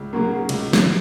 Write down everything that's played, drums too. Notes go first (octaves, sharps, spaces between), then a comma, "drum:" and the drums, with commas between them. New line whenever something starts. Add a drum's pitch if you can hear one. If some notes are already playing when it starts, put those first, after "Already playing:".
Already playing: C#2
C#3 F#3 A#3
C#2, drum: cymbal
drum: snare